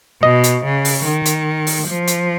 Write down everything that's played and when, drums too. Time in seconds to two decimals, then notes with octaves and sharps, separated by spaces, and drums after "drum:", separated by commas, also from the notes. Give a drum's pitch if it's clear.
0.23 B2 D#5
0.44 drum: hi-hat
0.65 C#3
0.85 drum: open hi-hat
1.05 D#3
1.26 drum: hi-hat
1.67 drum: open hi-hat
1.88 F3
2.08 drum: hi-hat